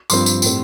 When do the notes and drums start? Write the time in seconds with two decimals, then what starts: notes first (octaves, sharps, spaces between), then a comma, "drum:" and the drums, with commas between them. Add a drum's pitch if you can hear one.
0.10 G2 F3 C4 C6, drum: tambourine
0.26 drum: tambourine
0.42 A2 G3 C4, drum: tambourine